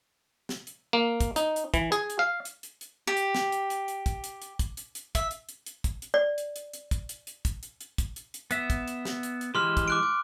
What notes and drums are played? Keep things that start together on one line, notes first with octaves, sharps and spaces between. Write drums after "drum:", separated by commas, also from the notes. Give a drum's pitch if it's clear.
drum: snare
drum: hi-hat
A#3
drum: kick, hi-hat
D#4, drum: hi-hat
drum: hi-hat
E3, drum: kick, hi-hat
G#4, drum: hi-hat
drum: hi-hat
F5
drum: hi-hat
drum: hi-hat
drum: hi-hat
G4
drum: hi-hat
drum: snare
drum: hi-hat
drum: hi-hat
drum: hi-hat
drum: kick, hi-hat
drum: hi-hat
drum: hi-hat
drum: kick, hi-hat
drum: hi-hat
drum: hi-hat
E5, drum: kick, hi-hat
drum: hi-hat
drum: hi-hat
drum: hi-hat
drum: kick, hi-hat
drum: hi-hat
D5
drum: hi-hat
drum: hi-hat
drum: hi-hat
drum: kick, hi-hat
drum: hi-hat
drum: hi-hat
drum: kick, hi-hat
drum: hi-hat
drum: hi-hat
drum: kick, hi-hat
drum: hi-hat
drum: hi-hat
B3 E5, drum: hi-hat
drum: kick, hi-hat
drum: hi-hat
drum: snare
drum: hi-hat
drum: hi-hat
E3 G#3 G4 C6 F6
drum: kick, hi-hat
D6 F#6 D7
D6